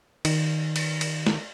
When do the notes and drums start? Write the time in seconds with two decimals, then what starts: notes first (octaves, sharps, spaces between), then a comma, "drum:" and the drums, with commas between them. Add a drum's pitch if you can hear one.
0.25 D#3, drum: cymbal
0.76 drum: cymbal
1.01 drum: cymbal
1.27 drum: snare